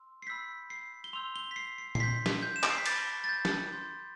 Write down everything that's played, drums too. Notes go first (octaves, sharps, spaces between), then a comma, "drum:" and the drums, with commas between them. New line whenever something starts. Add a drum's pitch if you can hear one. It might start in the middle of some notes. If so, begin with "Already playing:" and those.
Already playing: C6 E6
C7
B5 E6 G6 B6
C7
G7
C6 E6 G6 F7
G7
B6
C7
C7
C7, drum: tom A#2
C6 G6 B6
drum: snare
G6
E7
D7, drum: clap
C7
B6
B5 D6 G6 A6, drum: cymbal
A6
G6
drum: snare
C6 G6